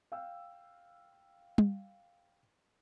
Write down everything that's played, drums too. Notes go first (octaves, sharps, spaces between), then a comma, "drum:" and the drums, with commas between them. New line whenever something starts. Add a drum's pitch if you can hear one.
F5 G5 E6
drum: tom G3